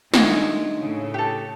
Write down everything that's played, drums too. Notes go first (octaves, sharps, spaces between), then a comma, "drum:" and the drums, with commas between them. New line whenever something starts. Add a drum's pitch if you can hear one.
D#3 G#3 A3 D4 D#4 F#4 G#4, drum: snare
A2 C#3
G4 A4